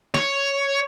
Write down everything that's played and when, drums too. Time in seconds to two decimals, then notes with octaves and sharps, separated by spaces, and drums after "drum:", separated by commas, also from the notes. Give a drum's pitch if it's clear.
0.14 C#5, drum: snare